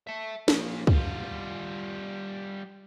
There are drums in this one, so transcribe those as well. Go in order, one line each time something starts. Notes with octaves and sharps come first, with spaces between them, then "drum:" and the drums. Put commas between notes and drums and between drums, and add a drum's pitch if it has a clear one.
E5 A5
A#2 F3, drum: snare
G3 F4, drum: kick